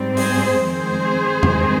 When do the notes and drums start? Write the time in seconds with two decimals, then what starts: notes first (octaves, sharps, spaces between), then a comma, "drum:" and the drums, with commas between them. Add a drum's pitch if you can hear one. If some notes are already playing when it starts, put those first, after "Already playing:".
Already playing: G#2 G3 C4
0.17 G#4 C5, drum: open hi-hat
0.59 F2 D#3 G#3 C4 G#4 C5
1.43 G2 D#3 G#3 C4, drum: tom E2